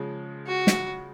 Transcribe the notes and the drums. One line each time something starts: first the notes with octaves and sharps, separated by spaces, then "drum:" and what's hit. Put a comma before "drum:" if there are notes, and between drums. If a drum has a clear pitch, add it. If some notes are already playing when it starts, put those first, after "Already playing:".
Already playing: C#3 F3 G#3
F#4
drum: snare